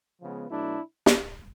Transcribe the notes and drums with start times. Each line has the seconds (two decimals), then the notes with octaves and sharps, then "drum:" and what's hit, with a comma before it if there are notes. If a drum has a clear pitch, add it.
0.21 C#3 F3 G#3 B3
0.49 B2 F#3 A3 D4 E4
1.06 drum: snare